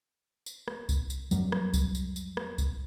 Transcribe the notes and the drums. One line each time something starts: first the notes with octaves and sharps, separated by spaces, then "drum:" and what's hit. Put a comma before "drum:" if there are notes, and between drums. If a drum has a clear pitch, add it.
drum: tambourine
drum: rim click
drum: kick C2, tambourine
drum: tambourine
F2 F#3 G3, drum: tambourine
drum: rim click
drum: kick C2, tambourine
drum: tambourine
drum: tambourine
drum: rim click
drum: kick C2, tambourine